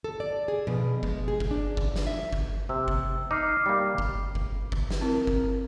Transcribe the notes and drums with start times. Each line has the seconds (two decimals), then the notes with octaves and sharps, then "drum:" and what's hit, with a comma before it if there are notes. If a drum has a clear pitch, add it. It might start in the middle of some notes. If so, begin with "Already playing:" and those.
0.04 A4
0.20 D5
0.48 G#4
0.67 B2, drum: tom F3
1.03 G#3, drum: kick F#1
1.28 G#4
1.40 drum: kick F#1
1.51 D4
1.77 drum: kick F#1
1.96 drum: snare
2.07 E5
2.33 drum: kick F#1
2.69 C3 E6
2.88 drum: kick F#1
3.31 D#4 D6 F6 C7
3.66 G3 A#3
3.98 drum: kick F#1
4.35 drum: kick F#1
4.72 drum: kick F#1
4.91 drum: snare
5.01 C4 E4 A#4
5.27 drum: kick F#1